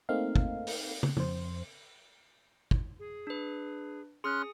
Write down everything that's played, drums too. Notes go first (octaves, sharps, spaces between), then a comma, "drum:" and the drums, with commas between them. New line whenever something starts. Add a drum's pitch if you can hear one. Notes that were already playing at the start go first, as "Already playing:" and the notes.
A3 A#3 C4 D#4 F5
drum: kick
drum: open hi-hat
drum: tom
F2 C5, drum: tom
drum: kick
G#4
D4 B4
C#4 G#4 C6 D#6 F6 F#6